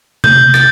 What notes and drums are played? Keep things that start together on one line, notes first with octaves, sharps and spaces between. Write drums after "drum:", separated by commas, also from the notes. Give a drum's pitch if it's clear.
G6, drum: tom C3
A6, drum: rim click